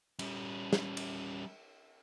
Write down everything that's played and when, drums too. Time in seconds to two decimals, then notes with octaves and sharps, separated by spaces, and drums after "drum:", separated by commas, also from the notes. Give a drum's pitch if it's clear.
0.19 G3 C#4, drum: cymbal
0.73 drum: snare
0.97 drum: cymbal